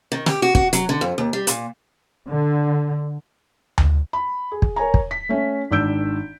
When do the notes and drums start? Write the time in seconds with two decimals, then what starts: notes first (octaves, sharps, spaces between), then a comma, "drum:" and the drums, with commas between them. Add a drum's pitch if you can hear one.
0.12 D#3
0.26 G4, drum: snare
0.42 F#4
0.55 F#4, drum: kick
0.73 F#3, drum: hi-hat
0.89 D3
1.01 F2
1.18 D#2
1.33 G3
1.47 A#2, drum: hi-hat
2.28 D3
3.78 drum: tom D2
4.13 B5
4.52 G#4
4.62 drum: kick
4.76 A#4 C#5 G#5 A#5
4.94 drum: kick
5.11 B6
5.29 A3 C#4
5.71 G#1 D#3 D4 E6 G6 D7